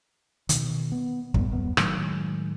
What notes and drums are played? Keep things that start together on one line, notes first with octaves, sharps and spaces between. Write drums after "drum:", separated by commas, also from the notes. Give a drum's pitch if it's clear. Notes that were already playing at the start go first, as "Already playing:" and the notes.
B2 D#3, drum: hi-hat
B3
A2 G3 A#3 B3, drum: kick
D#1 F#2 B3
A2 D#3 F#3 G#3, drum: rim click